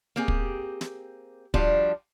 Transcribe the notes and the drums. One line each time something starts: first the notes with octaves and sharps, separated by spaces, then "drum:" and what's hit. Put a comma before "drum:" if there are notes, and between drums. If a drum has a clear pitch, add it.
A#3 C4 G4 G#4
drum: kick
drum: snare
F3 G3 D4 F4 F#4, drum: kick